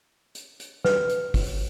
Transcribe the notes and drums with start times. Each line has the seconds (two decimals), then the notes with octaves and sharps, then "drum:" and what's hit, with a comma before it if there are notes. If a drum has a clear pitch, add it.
0.35 drum: hi-hat
0.60 drum: hi-hat
0.85 B4, drum: snare
1.09 drum: hi-hat
1.34 drum: kick, open hi-hat